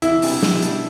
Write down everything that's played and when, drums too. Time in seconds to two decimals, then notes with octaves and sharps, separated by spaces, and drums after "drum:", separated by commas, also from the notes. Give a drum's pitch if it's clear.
0.02 E2 E4, drum: hi-hat
0.22 C3 E3 G3 D4, drum: open hi-hat
0.43 B2, drum: snare
0.62 G3 D4, drum: hi-hat